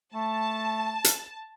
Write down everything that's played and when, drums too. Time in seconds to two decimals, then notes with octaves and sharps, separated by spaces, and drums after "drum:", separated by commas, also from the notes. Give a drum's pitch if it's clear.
0.14 A3 A5
1.04 drum: hi-hat